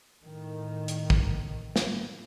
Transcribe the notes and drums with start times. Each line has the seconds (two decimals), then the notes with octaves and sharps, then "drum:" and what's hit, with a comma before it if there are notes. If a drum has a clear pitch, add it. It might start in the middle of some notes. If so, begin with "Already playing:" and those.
0.23 A2 D#3
0.88 drum: hi-hat
1.10 drum: kick
1.76 drum: snare